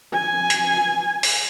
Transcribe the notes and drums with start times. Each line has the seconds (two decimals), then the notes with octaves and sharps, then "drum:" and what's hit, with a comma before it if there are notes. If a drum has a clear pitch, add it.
0.14 G#5
0.50 drum: hi-hat
1.23 drum: open hi-hat